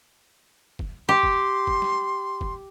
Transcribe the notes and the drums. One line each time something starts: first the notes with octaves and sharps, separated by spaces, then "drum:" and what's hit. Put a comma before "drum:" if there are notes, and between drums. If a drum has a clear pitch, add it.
drum: kick F1
G4 C6
drum: kick F1
drum: kick F1
drum: snare
drum: kick F1